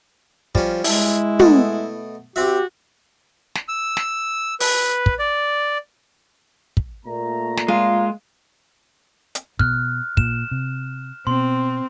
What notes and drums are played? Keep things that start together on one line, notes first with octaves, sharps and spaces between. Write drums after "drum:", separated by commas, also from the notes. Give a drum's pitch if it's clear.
F3 G3 C#4, drum: kick
G#3 E4, drum: open hi-hat
B2 A3, drum: tom
C4 F#4 G4 E5
drum: snare
E6
drum: snare
B4, drum: open hi-hat
drum: kick
D5
drum: kick
A#2 A3 A#5
drum: snare
G#3 F4 F5
drum: hi-hat
B2 F6 F#6, drum: kick
A#2 E7, drum: kick
C3
B2 C4 C6